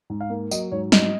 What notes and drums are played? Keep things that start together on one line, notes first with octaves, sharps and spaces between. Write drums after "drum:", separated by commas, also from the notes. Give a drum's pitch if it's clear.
G#2
F5
A#3
F#3 D#5, drum: tambourine
G#2 C#5
F#3 D#5, drum: snare